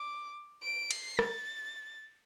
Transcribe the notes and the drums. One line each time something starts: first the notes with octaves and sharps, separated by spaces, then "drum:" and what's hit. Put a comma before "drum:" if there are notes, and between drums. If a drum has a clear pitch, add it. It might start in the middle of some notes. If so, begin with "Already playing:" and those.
Already playing: D6
D7
C7, drum: cymbal
A6, drum: rim click